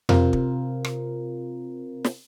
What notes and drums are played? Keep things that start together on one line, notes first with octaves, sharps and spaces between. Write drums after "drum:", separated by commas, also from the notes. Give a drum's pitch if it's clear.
C3 C4 F4 A#4, drum: tom F2
drum: kick
drum: rim click
drum: snare